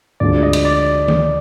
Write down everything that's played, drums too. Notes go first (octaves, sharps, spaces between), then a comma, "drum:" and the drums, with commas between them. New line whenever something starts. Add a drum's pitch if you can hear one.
D2 D3 F3 G#3 D5
D#5
drum: cymbal
D5
drum: tom